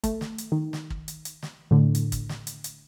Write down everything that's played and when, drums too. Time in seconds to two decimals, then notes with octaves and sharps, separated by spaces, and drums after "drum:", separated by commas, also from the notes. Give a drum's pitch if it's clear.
0.04 A3, drum: kick, hi-hat
0.21 drum: snare
0.38 drum: hi-hat
0.52 D#3
0.73 drum: snare
0.90 drum: kick
1.08 drum: hi-hat
1.25 drum: hi-hat
1.42 drum: snare
1.71 A2 D3
1.95 drum: hi-hat
2.12 drum: kick, hi-hat
2.29 drum: snare
2.47 drum: hi-hat
2.64 drum: hi-hat